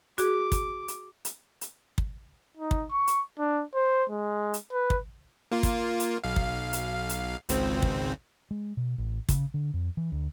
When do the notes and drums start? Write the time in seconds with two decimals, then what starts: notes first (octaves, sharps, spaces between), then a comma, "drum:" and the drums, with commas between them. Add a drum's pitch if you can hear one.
0.18 F#4 G#4 D6, drum: hi-hat
0.52 drum: kick, hi-hat
0.88 drum: hi-hat
1.25 drum: hi-hat
1.61 drum: hi-hat
1.98 drum: kick
2.57 D#4
2.71 drum: kick
2.91 C#6
3.07 drum: hi-hat
3.39 D4
3.75 C5
4.10 G#3
4.54 drum: hi-hat
4.73 B4
4.90 drum: kick
5.52 A#3 F4
5.63 drum: kick, hi-hat
6.00 drum: hi-hat
6.24 B1 F5
6.36 drum: kick
6.73 drum: hi-hat
7.09 drum: hi-hat
7.49 G#1 C#2 C4, drum: hi-hat
7.82 drum: kick
8.51 G#3
8.77 B2
8.98 A1
9.29 C#3, drum: kick, hi-hat
9.54 D3
9.74 F2
9.97 E3
10.12 D2